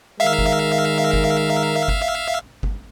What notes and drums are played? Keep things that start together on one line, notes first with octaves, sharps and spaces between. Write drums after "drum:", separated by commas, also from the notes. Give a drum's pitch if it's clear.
D#3 G#3 A#4 E5 F5
drum: kick G1
drum: kick G1
drum: kick G1
drum: kick G1